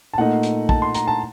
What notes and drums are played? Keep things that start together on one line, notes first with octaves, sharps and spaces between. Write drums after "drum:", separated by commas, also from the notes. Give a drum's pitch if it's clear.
A5
A#2 A3 D#4 F#5
drum: hi-hat
A5, drum: kick
C6
A#5, drum: hi-hat
A5